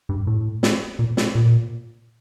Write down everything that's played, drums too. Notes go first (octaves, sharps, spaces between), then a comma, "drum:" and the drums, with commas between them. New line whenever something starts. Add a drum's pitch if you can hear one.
G2
A2
drum: snare
A#2
drum: snare
A#2